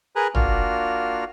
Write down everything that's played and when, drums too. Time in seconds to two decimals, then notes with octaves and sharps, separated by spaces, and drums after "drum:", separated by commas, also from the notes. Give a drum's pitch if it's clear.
0.16 G#4 A#4 B4 G#5 A#5 F#6
0.35 A#3 D4 F4 F#4 F6, drum: tom